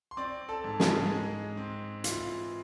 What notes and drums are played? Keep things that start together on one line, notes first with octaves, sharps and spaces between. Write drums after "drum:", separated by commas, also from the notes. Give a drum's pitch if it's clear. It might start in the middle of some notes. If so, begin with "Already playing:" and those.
C6
C4 D5 D6
A4 A5
G#2
G#4 G#5, drum: snare
G#3
C4
E3 F4 F5, drum: hi-hat